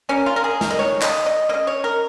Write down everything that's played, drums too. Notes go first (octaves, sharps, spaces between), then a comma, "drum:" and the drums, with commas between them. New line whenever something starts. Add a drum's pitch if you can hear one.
C#3 A#3 C#4
F4
A#4
G#4
A#4, drum: snare
D#5
D#3 G#3 C#5
D#5, drum: clap
D#5
C#3 A#3 D#5
C#5
A#4